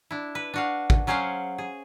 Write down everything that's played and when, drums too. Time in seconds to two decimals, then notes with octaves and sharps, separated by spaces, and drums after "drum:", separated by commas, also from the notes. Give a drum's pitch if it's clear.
0.11 D4 E4
0.35 B4
0.54 D4 F#4 F5
0.90 drum: kick A1
1.07 F#3 C#4 G#4 C5 F5 F#5
1.58 G#4